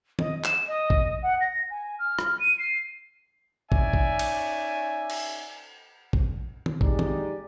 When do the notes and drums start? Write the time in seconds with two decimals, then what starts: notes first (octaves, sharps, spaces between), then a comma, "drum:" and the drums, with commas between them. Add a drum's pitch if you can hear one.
0.19 D#5, drum: tom
0.44 E7, drum: clap
0.67 D#5
0.90 drum: kick
1.22 F#5
1.40 A#6
1.69 G#5
1.98 F6
2.19 drum: rim click
2.39 D#7
2.58 C7
3.72 C#4 D#4 D5 E5 G#5, drum: kick
3.94 drum: kick
4.19 drum: cymbal
5.10 drum: cymbal
6.13 drum: kick
6.66 drum: tom
6.81 G#3 D#4 G4 D5, drum: kick
6.99 drum: tom